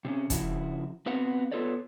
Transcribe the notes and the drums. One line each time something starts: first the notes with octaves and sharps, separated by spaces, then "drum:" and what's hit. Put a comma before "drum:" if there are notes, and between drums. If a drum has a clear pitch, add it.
C3 C4 C#4
C#3 F3 E4 F#4, drum: kick, hi-hat
B3 C4 F#4 B4 F5 F#5
B3 F4 A4 B4 C#5 D5